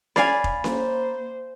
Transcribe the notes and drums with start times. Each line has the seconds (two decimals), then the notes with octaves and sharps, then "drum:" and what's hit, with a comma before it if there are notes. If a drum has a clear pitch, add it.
0.16 D5 F5 G#5 B5 A6, drum: snare C#4
0.44 drum: kick F1
0.64 A#3 C5, drum: snare C#4